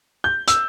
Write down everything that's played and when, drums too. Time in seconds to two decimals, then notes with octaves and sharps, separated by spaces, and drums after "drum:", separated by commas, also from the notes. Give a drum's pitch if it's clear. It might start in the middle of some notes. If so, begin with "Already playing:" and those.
0.24 G6
0.48 E6, drum: hi-hat